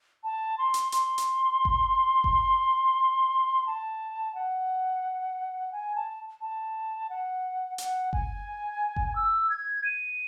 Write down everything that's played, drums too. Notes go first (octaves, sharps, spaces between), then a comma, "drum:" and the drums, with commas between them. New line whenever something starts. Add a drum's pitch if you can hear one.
A5
C6
drum: hi-hat
C6, drum: hi-hat
drum: hi-hat
drum: kick F#1
drum: kick F#1
A5
F#5
G#5
A5
A5
F#5
F#5, drum: hi-hat
G#5, drum: kick F#1
drum: kick F#1
E6
G#6
D#7